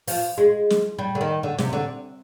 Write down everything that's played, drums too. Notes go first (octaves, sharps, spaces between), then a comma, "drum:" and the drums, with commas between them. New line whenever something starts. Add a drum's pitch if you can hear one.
F3, drum: open hi-hat
G#3
drum: snare
G3
D3
D#3
D3
C3, drum: snare
D3